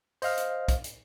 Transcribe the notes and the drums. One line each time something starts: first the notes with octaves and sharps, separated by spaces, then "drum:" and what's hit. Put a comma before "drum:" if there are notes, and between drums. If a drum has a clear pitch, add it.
C5 D#5 F5 F6, drum: open hi-hat
drum: hi-hat
drum: kick A#1, hi-hat
drum: hi-hat